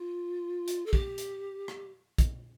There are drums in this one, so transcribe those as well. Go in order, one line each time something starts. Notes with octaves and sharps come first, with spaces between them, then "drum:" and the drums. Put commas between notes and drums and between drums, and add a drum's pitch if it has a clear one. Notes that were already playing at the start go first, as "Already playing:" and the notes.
Already playing: F4
drum: hi-hat
A4
G4, drum: kick
drum: hi-hat
drum: rim click
drum: kick, hi-hat